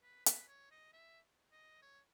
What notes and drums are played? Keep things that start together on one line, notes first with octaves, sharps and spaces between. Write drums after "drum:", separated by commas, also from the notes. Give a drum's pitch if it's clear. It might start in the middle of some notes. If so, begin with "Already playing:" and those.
B4
B4, drum: hi-hat
C#5
D#5
E5
D#5
C#5